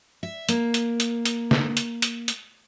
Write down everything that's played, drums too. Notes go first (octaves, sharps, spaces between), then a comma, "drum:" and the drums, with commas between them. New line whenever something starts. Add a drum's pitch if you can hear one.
E5
A#3, drum: hi-hat
drum: hi-hat
drum: hi-hat
drum: hi-hat
drum: snare
drum: hi-hat
drum: hi-hat
drum: hi-hat